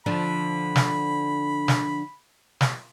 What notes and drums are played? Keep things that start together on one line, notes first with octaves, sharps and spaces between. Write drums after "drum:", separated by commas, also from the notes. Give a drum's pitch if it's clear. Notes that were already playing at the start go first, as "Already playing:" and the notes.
D3 F3 D4 B5
drum: snare
drum: snare
drum: snare